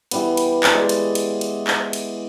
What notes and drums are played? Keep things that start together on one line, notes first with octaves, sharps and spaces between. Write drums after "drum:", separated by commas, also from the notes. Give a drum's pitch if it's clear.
E3 G3 B3, drum: cymbal
drum: cymbal
drum: clap
G#3 D5
drum: cymbal
drum: cymbal
drum: cymbal
drum: clap
drum: cymbal